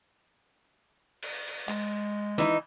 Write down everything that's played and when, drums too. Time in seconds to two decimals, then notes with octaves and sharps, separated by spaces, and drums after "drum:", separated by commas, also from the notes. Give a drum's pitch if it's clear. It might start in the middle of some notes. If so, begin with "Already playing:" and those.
1.23 drum: cymbal
1.48 drum: cymbal
1.69 G#3, drum: clap
2.38 E3 D#4, drum: snare